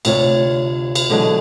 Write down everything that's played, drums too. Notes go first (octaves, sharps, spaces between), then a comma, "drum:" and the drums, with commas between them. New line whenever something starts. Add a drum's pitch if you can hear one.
D2 C3 F4 C#5, drum: cymbal
drum: cymbal
B2 D3 E3 F#3 G#3